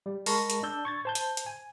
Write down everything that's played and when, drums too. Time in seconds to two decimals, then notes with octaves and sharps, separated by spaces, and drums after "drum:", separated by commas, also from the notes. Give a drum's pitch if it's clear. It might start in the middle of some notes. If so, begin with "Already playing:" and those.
0.06 G3
0.26 G#3 A#4 A5 B5 C#6 A#6, drum: open hi-hat
0.50 drum: hi-hat
0.63 D4 D5 E6 G6
0.85 C#6 G#6 A6
1.05 C5 A5 G6
1.15 drum: hi-hat
1.37 drum: hi-hat
1.46 G#5